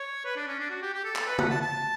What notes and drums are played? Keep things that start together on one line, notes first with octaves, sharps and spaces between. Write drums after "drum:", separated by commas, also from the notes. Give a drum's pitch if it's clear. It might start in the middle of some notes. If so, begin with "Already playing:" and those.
Already playing: C#5
B4
D4
C#4
D4
F#4
G4
G4
A4
A4, drum: clap
B4
F#5, drum: tom C#3
A5
A5